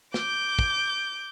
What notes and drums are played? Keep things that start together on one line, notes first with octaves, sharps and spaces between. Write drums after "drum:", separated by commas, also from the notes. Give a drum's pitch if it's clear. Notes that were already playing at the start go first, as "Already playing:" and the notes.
D6 G6, drum: snare
drum: kick